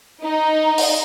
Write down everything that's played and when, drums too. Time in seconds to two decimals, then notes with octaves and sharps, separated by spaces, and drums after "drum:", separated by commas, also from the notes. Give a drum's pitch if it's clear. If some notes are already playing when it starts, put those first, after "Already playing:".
0.24 D#4
0.78 drum: open hi-hat